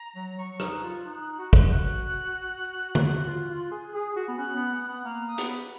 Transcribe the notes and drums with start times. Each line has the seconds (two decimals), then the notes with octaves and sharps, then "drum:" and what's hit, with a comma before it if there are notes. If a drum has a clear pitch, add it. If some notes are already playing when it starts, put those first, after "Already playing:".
Already playing: A#5
0.16 F#3
0.38 F#3 C#6
0.60 D#4, drum: rim click
0.71 F#6
0.83 F4
1.05 D#4
1.39 F#4
1.53 drum: kick
1.71 F#6
2.95 drum: tom D3
3.05 F#4 F#6
3.27 F4 F#6
3.50 F4 F#6
3.72 G#4
3.95 G#4
4.17 F#4
4.28 B3
4.38 C#4 F#6
4.55 B3
4.72 B3
4.88 B3
5.05 A#3 F6
5.28 D#6
5.38 B3, drum: hi-hat
5.50 B5